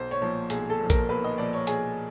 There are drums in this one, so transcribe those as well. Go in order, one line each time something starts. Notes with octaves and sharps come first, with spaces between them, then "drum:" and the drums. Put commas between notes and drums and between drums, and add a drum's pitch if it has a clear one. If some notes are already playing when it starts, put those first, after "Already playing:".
Already playing: B1 C5
C#5
A#2 F3
B1 G#4, drum: hi-hat
A4
A#2 F3
A#4, drum: kick, hi-hat
B1 B4
D#5
A#2 F3 D5
C#5
B1 G#4, drum: hi-hat